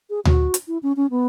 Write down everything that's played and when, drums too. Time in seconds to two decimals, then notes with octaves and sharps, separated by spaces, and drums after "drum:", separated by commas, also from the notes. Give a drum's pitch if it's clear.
0.10 G#4
0.25 F#4, drum: tom D2
0.54 drum: hi-hat
0.68 E4
0.83 C#4
0.97 C#4
1.11 B3